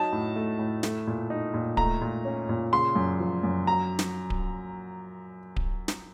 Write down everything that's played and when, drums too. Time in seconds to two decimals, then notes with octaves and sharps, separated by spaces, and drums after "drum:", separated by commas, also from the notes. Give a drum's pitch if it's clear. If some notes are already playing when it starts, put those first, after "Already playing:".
Already playing: F#3 D#4 A5
0.12 A2
0.36 A3
0.59 A2
0.83 A3, drum: snare
1.07 A#2
1.30 D#4
1.54 A#2
1.77 A3 A#5, drum: kick D1
2.01 A#2
2.25 C#4
2.49 A#2
2.73 C#3 C6
2.96 F#2
3.20 F3
3.43 F#2
3.67 F#3 A#5
3.99 drum: snare
4.30 drum: kick D1
5.56 drum: kick D1
5.88 drum: snare